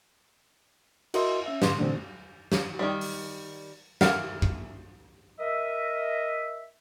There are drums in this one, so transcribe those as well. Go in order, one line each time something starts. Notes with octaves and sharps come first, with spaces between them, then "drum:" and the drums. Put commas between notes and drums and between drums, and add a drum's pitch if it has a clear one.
E4 F#4 A#4 D#5 E5 C6, drum: cymbal
C#4 E5
G#2 D3 C6, drum: snare
A#2 D3 E3 F#3 A3 C4
drum: snare
D#3 G3
drum: open hi-hat
E3 A#4 F5 F#5, drum: snare
drum: kick
A#4 D#5 E5